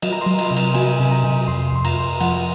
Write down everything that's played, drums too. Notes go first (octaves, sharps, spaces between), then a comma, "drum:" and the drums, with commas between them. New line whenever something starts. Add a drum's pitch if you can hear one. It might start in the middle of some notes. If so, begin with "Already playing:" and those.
F#3 D#5, drum: cymbal
A#5
C6
F#3
drum: cymbal
C3
A#5, drum: cymbal
F#3 G#5, drum: cymbal
C3 G#5
A#5
C3
F2 C6
F2 C6
A#5, drum: cymbal
F2
F3 F#5, drum: cymbal